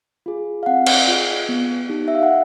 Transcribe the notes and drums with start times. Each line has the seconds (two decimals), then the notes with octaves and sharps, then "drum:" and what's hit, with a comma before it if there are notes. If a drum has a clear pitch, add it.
0.26 F4 G#4
0.63 F5
0.66 C4 F#5
0.87 drum: cymbal
1.08 F4 G#4
1.49 B3
1.89 D#4 G4
2.08 E5
2.15 F5
2.23 F#5